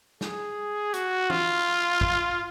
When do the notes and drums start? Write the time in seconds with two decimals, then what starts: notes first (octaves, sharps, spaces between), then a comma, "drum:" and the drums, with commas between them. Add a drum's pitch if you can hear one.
0.21 G#4, drum: snare
0.94 F#4, drum: hi-hat
1.30 F4, drum: tom
2.01 drum: kick